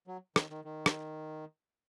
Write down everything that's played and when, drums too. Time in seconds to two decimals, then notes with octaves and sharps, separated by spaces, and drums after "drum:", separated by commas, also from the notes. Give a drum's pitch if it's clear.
0.07 F#3
0.36 D#3, drum: rim click
0.50 D#3
0.65 D#3
0.86 drum: rim click